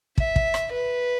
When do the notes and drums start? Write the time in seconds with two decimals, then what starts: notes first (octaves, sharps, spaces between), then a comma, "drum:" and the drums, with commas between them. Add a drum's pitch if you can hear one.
0.18 E5, drum: kick
0.36 drum: kick
0.54 drum: rim click
0.72 B4